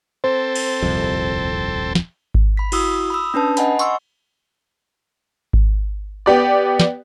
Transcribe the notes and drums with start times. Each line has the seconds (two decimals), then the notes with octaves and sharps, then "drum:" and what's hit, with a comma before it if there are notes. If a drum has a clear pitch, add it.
0.24 C4 A4 C5
0.55 drum: cymbal
0.82 D#1 C2 F2
1.95 drum: snare
2.34 drum: kick G#1
2.57 B5 B6
2.72 E4 F#4 D#6 E6, drum: cymbal
3.10 B5 D#6 E6
3.34 C#4 D4 B4 A5
3.57 D#5 F#5 G#5 B5, drum: hi-hat
3.79 C6 C#6 E6, drum: tambourine
5.53 drum: kick G#1
6.26 B3 G4 D5
6.80 drum: snare